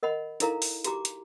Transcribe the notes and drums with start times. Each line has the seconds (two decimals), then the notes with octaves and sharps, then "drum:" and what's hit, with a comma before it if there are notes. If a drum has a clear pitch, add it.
0.03 A#4 D#5 F#5 B5
0.40 D#4 E4 A4 A#4 F5 A#5, drum: hi-hat
0.62 drum: open hi-hat
0.84 F#4 G4 A#5 D6, drum: hi-hat
1.05 drum: hi-hat